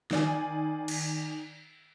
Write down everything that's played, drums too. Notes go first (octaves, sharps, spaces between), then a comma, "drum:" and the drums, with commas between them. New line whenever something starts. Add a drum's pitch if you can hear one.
D#3 D5 G#5, drum: snare
drum: cymbal